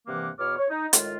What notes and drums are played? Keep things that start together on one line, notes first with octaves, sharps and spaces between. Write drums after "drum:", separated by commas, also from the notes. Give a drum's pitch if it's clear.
G2 C3 E3 A#3 F#5 D6
E2 B2 C#5 D6 F6
C#5
D#4
A2 D#3 G#3 F4, drum: hi-hat